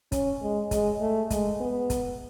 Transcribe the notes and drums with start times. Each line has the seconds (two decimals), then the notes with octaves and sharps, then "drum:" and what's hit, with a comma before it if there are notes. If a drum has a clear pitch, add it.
0.12 C#4, drum: kick, hi-hat
0.42 G#3
0.71 G#3, drum: kick, hi-hat
1.01 A3
1.30 G#3, drum: kick, hi-hat
1.60 B3
1.90 drum: kick, hi-hat